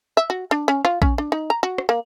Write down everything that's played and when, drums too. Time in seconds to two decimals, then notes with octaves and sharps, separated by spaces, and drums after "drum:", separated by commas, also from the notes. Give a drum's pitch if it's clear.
0.17 E5
0.30 F#4
0.51 D4
0.68 C#4
0.85 F4, drum: rim click
1.02 C#4, drum: kick A#1
1.18 D4
1.32 D#4
1.50 A#5
1.63 F#4
1.78 drum: rim click
1.89 A#3